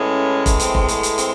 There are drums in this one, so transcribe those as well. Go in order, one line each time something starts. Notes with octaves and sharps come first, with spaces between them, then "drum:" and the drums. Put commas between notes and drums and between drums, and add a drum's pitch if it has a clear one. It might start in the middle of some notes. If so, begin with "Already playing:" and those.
Already playing: A2 E3 G#3 C#4
drum: kick F1, hi-hat
C4, drum: hi-hat
drum: kick F1
A3, drum: hi-hat
drum: hi-hat
C4, drum: hi-hat